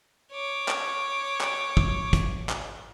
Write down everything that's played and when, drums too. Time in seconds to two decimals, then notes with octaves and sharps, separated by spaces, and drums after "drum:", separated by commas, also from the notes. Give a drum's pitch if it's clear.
0.32 C#5 D6
0.68 drum: clap
1.41 drum: clap
1.77 drum: kick
2.13 drum: kick, hi-hat
2.49 drum: clap